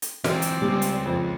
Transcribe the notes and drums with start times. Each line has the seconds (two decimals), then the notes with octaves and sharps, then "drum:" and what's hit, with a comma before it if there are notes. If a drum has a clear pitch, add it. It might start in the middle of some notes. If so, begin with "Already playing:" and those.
0.02 drum: hi-hat
0.24 E3 F#3 C4 D5, drum: snare
0.42 drum: hi-hat
0.62 C#2 G3
0.82 drum: hi-hat
1.06 F2